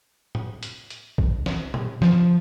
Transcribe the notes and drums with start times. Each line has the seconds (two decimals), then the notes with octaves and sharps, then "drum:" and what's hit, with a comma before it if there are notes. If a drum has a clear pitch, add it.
0.35 drum: tom A2
0.63 drum: hi-hat
0.90 drum: hi-hat
1.18 drum: kick A#1
1.46 drum: snare
1.74 drum: tom A#2
2.02 F3, drum: snare